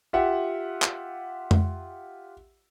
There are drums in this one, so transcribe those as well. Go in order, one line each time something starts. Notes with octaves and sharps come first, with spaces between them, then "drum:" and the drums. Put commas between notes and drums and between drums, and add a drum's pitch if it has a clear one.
F4 G4 E5 F#5
drum: clap
drum: tom F2